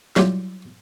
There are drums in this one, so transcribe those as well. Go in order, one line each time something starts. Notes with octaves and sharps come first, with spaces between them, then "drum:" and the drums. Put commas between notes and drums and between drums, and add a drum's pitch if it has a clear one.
F#3 G3 E4 F4 G4, drum: snare